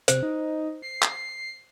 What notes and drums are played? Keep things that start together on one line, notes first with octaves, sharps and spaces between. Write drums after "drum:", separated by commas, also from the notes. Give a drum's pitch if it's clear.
C3 C5, drum: hi-hat
D#4
C7
drum: clap